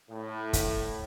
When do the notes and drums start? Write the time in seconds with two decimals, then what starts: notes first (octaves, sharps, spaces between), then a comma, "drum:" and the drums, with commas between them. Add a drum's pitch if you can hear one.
0.10 A2
0.53 drum: kick, hi-hat